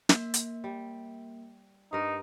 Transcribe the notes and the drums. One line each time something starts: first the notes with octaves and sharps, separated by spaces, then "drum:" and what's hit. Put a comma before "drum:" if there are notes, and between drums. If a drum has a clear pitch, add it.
A#3 E5, drum: snare
drum: hi-hat
G3
G2 D#4 A#4